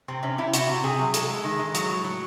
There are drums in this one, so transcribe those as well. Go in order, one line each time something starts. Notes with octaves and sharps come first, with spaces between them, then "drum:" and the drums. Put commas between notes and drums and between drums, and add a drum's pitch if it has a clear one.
C3 C4
C3 C#4
C3 E4
C3 F#4, drum: hi-hat
C3
C3 G#4
F#3
G#3 A4, drum: hi-hat
G#3
D#3
G#3
F#3, drum: hi-hat
A2
F#3